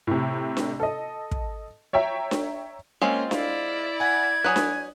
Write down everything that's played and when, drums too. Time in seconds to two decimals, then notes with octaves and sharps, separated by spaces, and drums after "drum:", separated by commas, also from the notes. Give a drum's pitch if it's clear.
0.07 A2 C3
0.57 drum: snare D4
0.80 A4 D#5
1.31 drum: kick
1.93 C#5 E5 G5 A#5
2.31 drum: snare D4
3.02 G#3 A#3 C4 C#4 F4
3.31 E4 D5 F5, drum: snare D4
4.00 F#5 G#5 G#6
4.44 F#3 B4 G#5 D#6 F#6
4.56 drum: snare D4